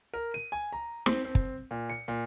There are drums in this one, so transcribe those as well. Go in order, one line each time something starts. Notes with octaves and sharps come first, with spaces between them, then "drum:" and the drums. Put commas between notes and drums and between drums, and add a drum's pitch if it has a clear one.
A#4
D#7
G#5
A#5
C4, drum: snare
C4
drum: kick
A#2
C#7
A#2